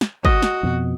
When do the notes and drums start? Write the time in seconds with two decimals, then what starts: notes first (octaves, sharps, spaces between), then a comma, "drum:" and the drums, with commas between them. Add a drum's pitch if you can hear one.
0.01 drum: snare
0.25 F#4 D#5, drum: kick
0.42 drum: snare
0.63 F2 B2